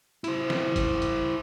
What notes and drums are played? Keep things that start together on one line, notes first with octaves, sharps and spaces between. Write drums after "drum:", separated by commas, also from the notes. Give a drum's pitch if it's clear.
E4 C5, drum: hi-hat
drum: snare
drum: kick, hi-hat
drum: hi-hat